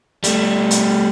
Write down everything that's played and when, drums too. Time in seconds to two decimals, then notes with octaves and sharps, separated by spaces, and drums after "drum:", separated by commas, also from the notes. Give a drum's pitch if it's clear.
0.24 G3 A3, drum: hi-hat
0.71 drum: hi-hat